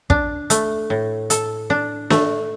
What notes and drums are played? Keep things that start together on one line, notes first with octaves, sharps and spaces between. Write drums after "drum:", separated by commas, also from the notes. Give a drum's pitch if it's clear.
D4, drum: kick
A3, drum: hi-hat
A2
A4, drum: hi-hat
D4
A3, drum: snare